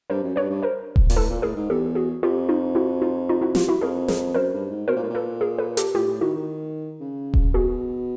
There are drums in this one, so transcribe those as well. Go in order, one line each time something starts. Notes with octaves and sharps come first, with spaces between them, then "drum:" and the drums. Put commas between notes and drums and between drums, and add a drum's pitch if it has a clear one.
G2 A#4 C5
F#2
G2 B4 C#5
G2
A#4 C5
drum: kick D#1
A#2, drum: open hi-hat
A2 A4 B4
A#2
A2 G#4 A#4
G#2
E2 G4 A4
F#4 G#4
F2 F4 G4
D#4 F4
E4 F#4
D#4 F4
D#4 F4
E4 F#4
F4 G4, drum: snare
E4 F#4
F2 G#4 A#4
G#4 A#4, drum: snare
F#2 A#4 C5
G2
G#2
B2 A#4 C5
A#2
A2
A#2
A4 B4
G#4 A#4
A4 B4
G4 A4, drum: hi-hat
A2 F4 G4
A2
D#3 E4 F#4
D#3
C#3
drum: kick D#1
B2 F#4 G#4